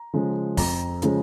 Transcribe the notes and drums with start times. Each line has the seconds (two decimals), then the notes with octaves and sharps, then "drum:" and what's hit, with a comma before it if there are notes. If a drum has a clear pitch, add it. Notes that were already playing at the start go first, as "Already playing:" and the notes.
Already playing: A#5
0.14 C#3 F3 G#3
0.57 F2 A#5, drum: kick, open hi-hat
1.02 C#3 F3 G#3, drum: hi-hat